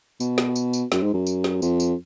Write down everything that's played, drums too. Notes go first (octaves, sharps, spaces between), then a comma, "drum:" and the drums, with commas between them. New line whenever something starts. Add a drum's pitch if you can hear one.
B2, drum: tambourine
drum: snare
drum: tambourine
drum: tambourine
F#2, drum: snare
G#2
F#2
drum: tambourine
drum: snare
F2, drum: tambourine
drum: tambourine